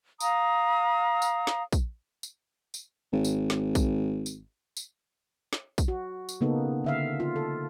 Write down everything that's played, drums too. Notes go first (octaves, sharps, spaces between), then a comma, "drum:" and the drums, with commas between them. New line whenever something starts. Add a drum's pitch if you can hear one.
F5 A#5 D#6, drum: tambourine
drum: tambourine
drum: snare
drum: kick, tambourine
drum: tambourine
drum: tambourine
G#1
drum: tambourine
drum: snare
drum: kick, tambourine
drum: tambourine
drum: tambourine
drum: snare
drum: kick, tambourine
F#4
drum: tambourine
C#3 A#3 B3 D#4 A4
D3 E5 F5
F4
A4